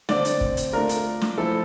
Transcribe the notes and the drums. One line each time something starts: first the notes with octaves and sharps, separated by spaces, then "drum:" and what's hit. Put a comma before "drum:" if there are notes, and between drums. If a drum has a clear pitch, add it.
D3 A3 C4 D5, drum: snare
drum: hi-hat
drum: kick
drum: hi-hat
A3 D4 F4 A#4
drum: hi-hat
drum: snare
F3 A3 E4 A4